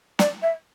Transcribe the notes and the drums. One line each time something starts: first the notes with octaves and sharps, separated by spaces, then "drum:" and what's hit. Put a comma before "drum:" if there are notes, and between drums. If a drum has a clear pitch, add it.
D5, drum: snare
E5